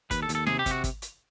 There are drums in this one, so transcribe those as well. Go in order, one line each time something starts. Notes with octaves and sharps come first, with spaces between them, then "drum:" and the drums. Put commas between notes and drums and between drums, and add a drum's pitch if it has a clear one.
D#2 B4, drum: kick, hi-hat
A4
D#2, drum: hi-hat
A4
C3 G#4, drum: snare
G4
C3, drum: kick, hi-hat
F#4
drum: kick, hi-hat
drum: hi-hat